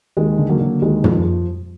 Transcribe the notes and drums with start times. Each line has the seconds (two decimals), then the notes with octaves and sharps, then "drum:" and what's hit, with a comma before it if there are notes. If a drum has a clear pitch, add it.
0.17 D#2 G#3
0.38 D3
0.49 F#3 A#3
0.61 D3
0.82 D#2 G#3
1.04 F3, drum: tom